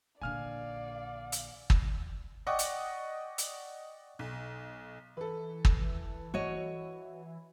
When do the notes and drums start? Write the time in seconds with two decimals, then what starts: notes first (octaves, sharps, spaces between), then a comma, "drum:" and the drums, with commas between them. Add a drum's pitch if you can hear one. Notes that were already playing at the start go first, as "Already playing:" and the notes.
0.21 A#1 D3 D5 F5 G#5 F6
1.32 drum: hi-hat
1.70 drum: kick
2.47 D5 D#5 F#5 G5 C#6 D6
2.59 drum: hi-hat
3.38 drum: hi-hat
4.19 B1
5.17 E3 A4 B4
5.65 drum: kick
6.34 F#4 C#5 D#5